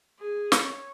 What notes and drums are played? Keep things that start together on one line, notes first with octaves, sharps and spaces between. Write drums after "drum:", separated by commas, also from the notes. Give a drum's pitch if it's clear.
G#4
C#5, drum: snare